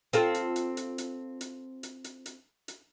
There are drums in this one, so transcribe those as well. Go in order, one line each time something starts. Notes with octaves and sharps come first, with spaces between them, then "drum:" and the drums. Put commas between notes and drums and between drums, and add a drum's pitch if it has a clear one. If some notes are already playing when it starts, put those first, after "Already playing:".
C4 F4 A4, drum: hi-hat
drum: hi-hat
drum: hi-hat
drum: hi-hat
drum: hi-hat
drum: hi-hat
drum: hi-hat
drum: hi-hat
drum: hi-hat
drum: hi-hat